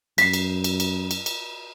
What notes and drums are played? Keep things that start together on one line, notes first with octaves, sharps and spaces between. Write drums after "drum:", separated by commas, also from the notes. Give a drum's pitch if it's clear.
F#2 B6 C7, drum: cymbal
drum: cymbal
drum: cymbal
drum: cymbal
drum: cymbal
drum: cymbal